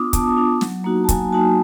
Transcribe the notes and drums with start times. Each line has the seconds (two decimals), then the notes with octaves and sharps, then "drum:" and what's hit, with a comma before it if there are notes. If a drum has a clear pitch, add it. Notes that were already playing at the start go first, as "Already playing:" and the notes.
Already playing: B3 D4 F4 D6 D#6
0.13 B3 A5, drum: kick, hi-hat
0.37 D4 F4
0.61 F#3, drum: snare
0.84 A#3 D#4 F#4
1.04 A5
1.09 F#3 G#5, drum: kick, hi-hat
1.32 A#3 D#4 F#4 A5